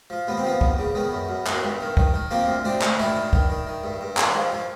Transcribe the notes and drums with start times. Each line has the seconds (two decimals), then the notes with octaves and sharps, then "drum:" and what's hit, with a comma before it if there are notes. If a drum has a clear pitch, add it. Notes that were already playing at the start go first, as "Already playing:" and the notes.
0.10 F3
0.27 D#2 B3
0.37 C4
0.44 F3 B3
0.61 D#2, drum: kick
0.78 C#3
0.95 D#3 B3
1.12 F#2
1.29 F#2
1.47 D#3, drum: clap
1.64 G2
1.81 D#3
1.97 D#3, drum: kick
2.14 D#3
2.31 F3 A#3 C4
2.48 D2
2.65 D2 C4 D4
2.82 D2, drum: clap
2.99 D#3 D4 E4
3.15 D#3
3.33 D#3, drum: kick
3.50 D#3
3.67 D#3
3.84 G2
4.01 G2
4.17 D#3, drum: clap
4.34 F3
4.52 F3